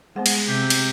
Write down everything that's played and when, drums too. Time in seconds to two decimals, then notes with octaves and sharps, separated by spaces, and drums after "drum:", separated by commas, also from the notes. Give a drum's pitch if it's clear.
0.16 G#3 B3 C5 F#5
0.26 drum: cymbal
0.48 C3 G4
0.70 drum: cymbal